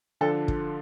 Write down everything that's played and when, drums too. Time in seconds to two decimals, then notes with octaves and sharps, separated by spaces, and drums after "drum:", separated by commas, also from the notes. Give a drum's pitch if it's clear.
0.21 D3 F3 D4 F4 A4
0.48 drum: kick